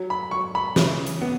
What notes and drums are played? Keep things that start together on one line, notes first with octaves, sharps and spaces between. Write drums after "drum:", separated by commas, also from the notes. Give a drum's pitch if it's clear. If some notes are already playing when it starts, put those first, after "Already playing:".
Already playing: F#3
B5
F#3 C#6
B5
C#3, drum: snare
drum: hi-hat
B3